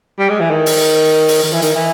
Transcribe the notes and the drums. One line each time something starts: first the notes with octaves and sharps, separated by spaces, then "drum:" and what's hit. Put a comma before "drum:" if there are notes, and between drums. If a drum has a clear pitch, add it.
G3
G#3
E3
D#3
drum: open hi-hat
drum: open hi-hat
D#3
E3
D#3, drum: hi-hat
E3